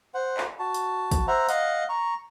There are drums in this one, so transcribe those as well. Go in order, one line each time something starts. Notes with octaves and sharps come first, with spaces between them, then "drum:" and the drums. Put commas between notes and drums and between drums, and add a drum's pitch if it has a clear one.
C5 F#5
drum: clap
F#4 A5
drum: hi-hat
drum: kick, hi-hat
C5 E5 F#5 A#5
D#5 F5 F#5, drum: hi-hat
A#5 C#6